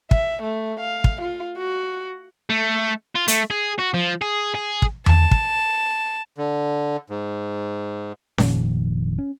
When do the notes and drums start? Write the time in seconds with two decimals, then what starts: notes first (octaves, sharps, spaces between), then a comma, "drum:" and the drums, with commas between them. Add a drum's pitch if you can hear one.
0.11 E5, drum: kick
0.42 A3
0.80 F5
1.04 drum: kick
1.22 F4
1.58 F#4
2.50 A3
3.15 F4
3.28 A3, drum: hi-hat
3.50 G#4
3.79 F#4
3.94 F3
4.21 G#4
4.55 G#4
4.82 drum: kick
5.06 A5, drum: tom E2
5.31 drum: kick
6.38 D3
7.10 G#2
8.38 F1 A#2 D#3 F3, drum: snare C#4
9.18 C#4